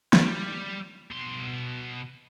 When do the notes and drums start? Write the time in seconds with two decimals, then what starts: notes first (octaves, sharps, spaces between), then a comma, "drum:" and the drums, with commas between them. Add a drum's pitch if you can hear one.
0.13 G3 D5, drum: snare
1.11 B2 C6